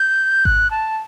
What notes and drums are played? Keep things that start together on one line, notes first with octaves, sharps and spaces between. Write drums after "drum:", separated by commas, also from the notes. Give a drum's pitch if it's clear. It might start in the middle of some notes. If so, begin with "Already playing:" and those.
Already playing: G6
F#6, drum: kick G#1
A5